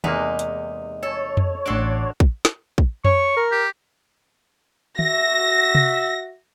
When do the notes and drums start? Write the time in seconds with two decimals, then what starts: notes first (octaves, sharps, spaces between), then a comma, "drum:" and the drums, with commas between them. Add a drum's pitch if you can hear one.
0.04 E2 C3 G#3 A#3 D#4 B4, drum: tom
0.39 drum: hi-hat
1.03 A4 C#5
1.37 drum: tom F2
1.66 A1 D4 F#4 A4 C6 D6
2.20 drum: kick
2.45 drum: snare
2.78 drum: kick
3.05 C#5 C#6, drum: tom F2
3.37 A#4
3.52 G4
4.99 F#4 E5 A#6, drum: tom
5.75 drum: tom C3